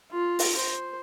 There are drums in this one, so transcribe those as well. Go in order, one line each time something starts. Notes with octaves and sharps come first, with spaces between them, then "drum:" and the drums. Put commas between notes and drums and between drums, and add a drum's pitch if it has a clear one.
F4
drum: open hi-hat
C5